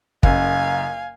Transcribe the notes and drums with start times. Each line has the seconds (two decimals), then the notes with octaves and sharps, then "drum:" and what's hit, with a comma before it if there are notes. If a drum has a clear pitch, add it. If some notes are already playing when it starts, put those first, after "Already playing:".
0.23 F#1 F#2 F5 G#5, drum: kick